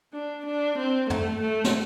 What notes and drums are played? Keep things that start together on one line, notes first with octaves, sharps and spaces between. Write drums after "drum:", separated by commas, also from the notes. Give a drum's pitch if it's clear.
D4
D4
C4
A3, drum: tom
A3
drum: snare